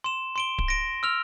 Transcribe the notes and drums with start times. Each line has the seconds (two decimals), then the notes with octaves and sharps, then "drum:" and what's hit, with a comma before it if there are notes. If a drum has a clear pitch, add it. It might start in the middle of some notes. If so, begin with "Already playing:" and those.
0.04 C6 E7
0.36 C6 D7 G7
0.58 drum: kick D1
0.68 A#6 D7
1.03 E6 F6 F7